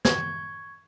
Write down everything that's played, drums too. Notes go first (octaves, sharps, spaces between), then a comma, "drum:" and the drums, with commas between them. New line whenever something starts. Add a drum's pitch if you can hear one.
C#6 G#6, drum: snare